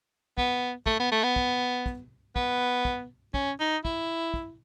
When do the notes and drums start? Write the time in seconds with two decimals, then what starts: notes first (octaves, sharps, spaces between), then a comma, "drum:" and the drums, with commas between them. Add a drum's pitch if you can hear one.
0.38 B3, drum: kick
0.86 A3, drum: kick
1.00 B3
1.12 A3
1.23 B3
1.36 drum: kick
1.86 drum: kick
2.36 B3, drum: kick
2.85 drum: kick
3.34 C#4, drum: kick
3.60 D#4
3.85 E4, drum: kick
4.34 drum: kick